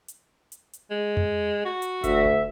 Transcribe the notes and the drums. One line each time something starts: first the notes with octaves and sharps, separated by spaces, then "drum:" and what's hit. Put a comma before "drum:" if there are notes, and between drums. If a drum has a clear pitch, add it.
drum: hi-hat
drum: hi-hat
drum: hi-hat
G#3
drum: tom F2
F#4
drum: hi-hat
D2 E5, drum: kick, hi-hat
drum: kick